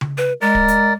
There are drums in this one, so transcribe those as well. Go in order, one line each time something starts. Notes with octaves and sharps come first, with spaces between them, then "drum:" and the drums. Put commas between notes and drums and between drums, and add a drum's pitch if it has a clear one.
drum: tom C#3
B4
G#3 A#4 D5
drum: kick D1
drum: hi-hat